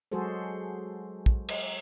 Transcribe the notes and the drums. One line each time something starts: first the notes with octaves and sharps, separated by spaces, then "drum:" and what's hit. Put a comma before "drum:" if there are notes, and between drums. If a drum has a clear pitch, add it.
F#3 G#3 F#4 G#4 A4 C5
drum: kick
drum: cymbal